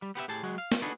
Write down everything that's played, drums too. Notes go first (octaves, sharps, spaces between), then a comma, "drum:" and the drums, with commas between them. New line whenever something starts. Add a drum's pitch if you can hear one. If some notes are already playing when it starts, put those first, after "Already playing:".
G3
B3 G4 B4 E5
A2 G4 G#4 A5
F#3 G#3 F#4 G#4
F5
drum: snare
D4 D#4 F#4 G#4 A4 B4